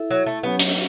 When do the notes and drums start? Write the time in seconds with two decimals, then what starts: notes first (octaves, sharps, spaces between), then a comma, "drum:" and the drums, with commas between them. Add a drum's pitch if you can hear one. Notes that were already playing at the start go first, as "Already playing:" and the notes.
Already playing: E4 A4 E5
0.11 F#3
0.26 A3
0.43 F#3 B3 C#4 G4 C#5 F#5
0.59 drum: hi-hat